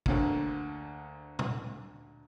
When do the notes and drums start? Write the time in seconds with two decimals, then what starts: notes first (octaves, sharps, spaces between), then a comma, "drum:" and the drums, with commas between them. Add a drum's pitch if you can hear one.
0.06 D2 D3 A#3, drum: kick
1.39 drum: tom A#2